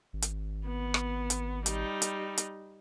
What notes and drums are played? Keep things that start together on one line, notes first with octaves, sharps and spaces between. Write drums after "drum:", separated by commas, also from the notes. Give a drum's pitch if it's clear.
G#1
drum: hi-hat
B3
drum: rim click
drum: hi-hat
G3 D#4, drum: hi-hat
drum: hi-hat
drum: hi-hat